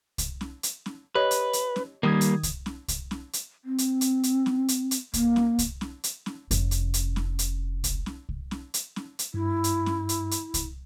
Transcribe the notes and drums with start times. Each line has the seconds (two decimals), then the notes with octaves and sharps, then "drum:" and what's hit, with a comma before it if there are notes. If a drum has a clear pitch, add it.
0.18 drum: kick C2, hi-hat
0.41 drum: snare C#4
0.63 drum: hi-hat
0.86 drum: snare C#4
1.15 G4 B4 C#5 D#5
1.31 drum: hi-hat
1.53 drum: hi-hat
1.76 drum: snare C#4
2.03 D#3 G3 A#3 D#6 G#6
2.21 drum: hi-hat
2.43 drum: kick C2, hi-hat
2.66 drum: snare C#4
2.88 drum: kick C2, hi-hat
3.11 drum: snare C#4
3.33 drum: hi-hat
3.65 C4
3.78 drum: hi-hat
4.01 drum: hi-hat
4.23 drum: hi-hat
4.46 drum: snare C#4
4.68 drum: hi-hat
4.91 drum: hi-hat
5.13 A#3, drum: kick C2, hi-hat
5.36 drum: snare C#4
5.59 drum: kick C2, hi-hat
5.81 drum: snare C#4
6.04 drum: hi-hat
6.26 drum: snare C#4
6.51 F1 C#4, drum: hi-hat
6.71 drum: hi-hat
6.94 drum: hi-hat
7.16 drum: snare C#4
7.39 drum: hi-hat
7.84 drum: kick C2, hi-hat
8.06 drum: snare C#4
8.29 drum: kick C2
8.51 drum: snare C#4
8.74 drum: hi-hat
8.96 drum: snare C#4
9.19 drum: hi-hat
9.34 G2 E4
9.64 drum: hi-hat
9.86 drum: snare C#4
10.09 drum: hi-hat
10.31 drum: hi-hat
10.54 drum: kick C2, hi-hat